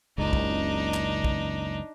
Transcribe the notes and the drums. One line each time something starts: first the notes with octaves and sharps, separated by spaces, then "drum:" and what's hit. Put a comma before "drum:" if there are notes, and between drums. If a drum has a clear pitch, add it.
F#1 C#2 D4 D#4
drum: kick
drum: clap
drum: kick